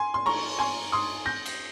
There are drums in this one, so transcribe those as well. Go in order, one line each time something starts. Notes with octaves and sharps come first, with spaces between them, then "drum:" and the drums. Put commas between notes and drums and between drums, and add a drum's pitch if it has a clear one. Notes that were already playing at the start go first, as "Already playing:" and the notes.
Already playing: G#5 C6
C6
A#5 C#6, drum: cymbal
G#5 C6
C6 D#6
G6 A#6
drum: cymbal